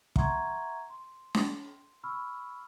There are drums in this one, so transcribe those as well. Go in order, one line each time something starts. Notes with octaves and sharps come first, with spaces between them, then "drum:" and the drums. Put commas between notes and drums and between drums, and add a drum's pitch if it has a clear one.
E5 F#5 A#5 C6 C#6 G#6, drum: kick
C6
drum: snare
B5 C#6 E6 F6